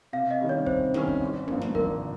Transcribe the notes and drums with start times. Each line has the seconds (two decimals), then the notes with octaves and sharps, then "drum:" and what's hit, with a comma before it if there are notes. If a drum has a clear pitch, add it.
0.13 C3 F5
0.31 D#5
0.40 D#3 G3 C#4
0.49 C#5
0.67 C3 C5, drum: kick
0.94 D#3 G3 C#4, drum: snare
1.08 drum: kick
1.20 G#1
1.47 G2 F3 A#3, drum: tom
1.61 drum: snare
1.75 G#1 A#4, drum: kick